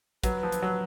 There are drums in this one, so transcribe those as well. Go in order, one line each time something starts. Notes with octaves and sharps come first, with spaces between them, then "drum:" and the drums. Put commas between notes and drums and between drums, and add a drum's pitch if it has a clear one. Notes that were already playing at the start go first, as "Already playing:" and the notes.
F#3 B4, drum: kick, hi-hat
F3
drum: hi-hat
F#3